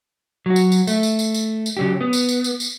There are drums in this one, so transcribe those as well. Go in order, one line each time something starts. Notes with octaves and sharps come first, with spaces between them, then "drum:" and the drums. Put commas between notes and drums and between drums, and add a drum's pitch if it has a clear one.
F#3 F#4
drum: tambourine
drum: tambourine
A3, drum: tambourine
drum: tambourine
drum: tambourine
drum: tambourine
drum: tambourine
C#3 F#3 G4
B3
drum: tambourine
drum: tambourine
drum: tambourine
drum: tambourine